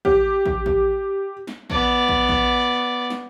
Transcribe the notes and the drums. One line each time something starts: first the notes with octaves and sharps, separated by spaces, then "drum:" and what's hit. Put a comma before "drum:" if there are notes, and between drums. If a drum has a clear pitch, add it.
G4, drum: kick
drum: kick
drum: kick
drum: snare
B3 D5, drum: kick
drum: kick
drum: kick
drum: snare